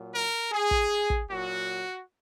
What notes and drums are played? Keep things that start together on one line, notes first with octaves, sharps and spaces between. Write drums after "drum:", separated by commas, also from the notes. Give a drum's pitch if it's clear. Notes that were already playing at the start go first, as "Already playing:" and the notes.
Already playing: A#2 F#3
A#4
G#4
drum: kick
drum: kick
A#2 F#3 F#4